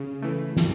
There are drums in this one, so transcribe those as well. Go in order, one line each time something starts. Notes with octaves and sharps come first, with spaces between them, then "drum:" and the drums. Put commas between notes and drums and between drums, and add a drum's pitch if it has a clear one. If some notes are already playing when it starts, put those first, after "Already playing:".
Already playing: C#3
E3 A3
drum: snare